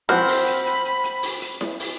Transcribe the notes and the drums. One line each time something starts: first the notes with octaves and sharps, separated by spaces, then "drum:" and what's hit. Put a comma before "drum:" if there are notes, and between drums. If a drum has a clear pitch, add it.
F3 C4 F#4 B5 F6, drum: snare E4
drum: open hi-hat
drum: hi-hat
drum: hi-hat
drum: hi-hat
drum: hi-hat
drum: open hi-hat
drum: hi-hat
drum: snare E4
drum: open hi-hat